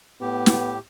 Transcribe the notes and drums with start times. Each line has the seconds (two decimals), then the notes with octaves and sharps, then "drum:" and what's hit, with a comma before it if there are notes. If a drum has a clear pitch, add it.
0.21 A2 B3 G4
0.46 drum: snare